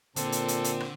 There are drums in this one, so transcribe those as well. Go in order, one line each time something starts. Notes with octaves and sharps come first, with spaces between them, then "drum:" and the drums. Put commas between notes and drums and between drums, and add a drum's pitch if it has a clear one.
A#2 D3 C4 A4, drum: hi-hat
drum: hi-hat
drum: hi-hat
drum: hi-hat
drum: rim click